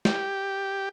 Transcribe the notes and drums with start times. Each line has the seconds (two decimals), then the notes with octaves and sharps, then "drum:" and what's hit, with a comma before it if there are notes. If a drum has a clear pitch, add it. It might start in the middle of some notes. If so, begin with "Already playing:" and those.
0.05 G4, drum: snare